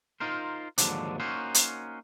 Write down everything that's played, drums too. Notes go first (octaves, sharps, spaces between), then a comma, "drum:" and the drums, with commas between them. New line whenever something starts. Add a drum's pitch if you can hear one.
D#4 F4 A#4 C5
D#2 G#2 D3 F3 F#3 D4, drum: hi-hat
A#3 C#4 D#4 F#4 C5
drum: hi-hat